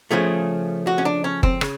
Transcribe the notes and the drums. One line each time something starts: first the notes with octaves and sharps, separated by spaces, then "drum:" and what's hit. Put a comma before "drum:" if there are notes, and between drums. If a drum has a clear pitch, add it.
C#3 F3 A3 G#4
F#4
C#4
D4
C#4
C4, drum: kick F#1
C#3, drum: rim click